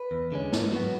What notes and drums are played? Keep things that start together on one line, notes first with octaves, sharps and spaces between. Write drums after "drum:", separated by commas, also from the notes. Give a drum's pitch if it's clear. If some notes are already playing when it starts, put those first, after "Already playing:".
Already playing: B4
E2
D3 G#3 C#4
G#2, drum: snare
F#3 B3